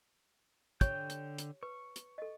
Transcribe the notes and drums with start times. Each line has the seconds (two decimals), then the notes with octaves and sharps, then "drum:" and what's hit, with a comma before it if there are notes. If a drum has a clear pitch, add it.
0.81 D3 G4 C#5 G5 C#6 G6, drum: kick, hi-hat
1.10 drum: hi-hat
1.38 drum: hi-hat
1.63 B4 C#6
1.96 drum: hi-hat
2.18 A4 D#5